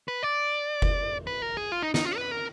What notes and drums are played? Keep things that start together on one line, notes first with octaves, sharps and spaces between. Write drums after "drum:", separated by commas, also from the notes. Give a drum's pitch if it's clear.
B4
D5
drum: kick F#1
B4
A#4
G#4
F4
D#4
D#4, drum: snare
F4
B4
A#4